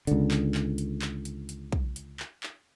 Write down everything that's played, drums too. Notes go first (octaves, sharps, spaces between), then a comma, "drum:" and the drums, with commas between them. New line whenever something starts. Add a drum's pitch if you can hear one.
C#2 D3, drum: hi-hat
drum: clap
drum: clap
drum: hi-hat
drum: clap
drum: hi-hat
drum: hi-hat
drum: kick
drum: hi-hat
drum: clap
drum: clap